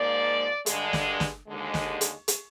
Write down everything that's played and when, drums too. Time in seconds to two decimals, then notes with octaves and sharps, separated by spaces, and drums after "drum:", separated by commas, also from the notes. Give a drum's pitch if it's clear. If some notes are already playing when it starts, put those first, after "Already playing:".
Already playing: G#2 F3 A#3 D5
0.66 G2 D3 G#3, drum: hi-hat
0.93 drum: snare
1.20 drum: snare
1.47 D#2 D3 G#3
1.74 drum: snare
2.01 drum: hi-hat
2.28 drum: hi-hat